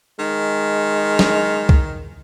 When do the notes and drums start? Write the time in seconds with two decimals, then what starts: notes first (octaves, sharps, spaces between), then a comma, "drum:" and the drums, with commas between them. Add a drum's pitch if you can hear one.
0.19 D#3 G#3
1.19 drum: snare
1.69 drum: kick C2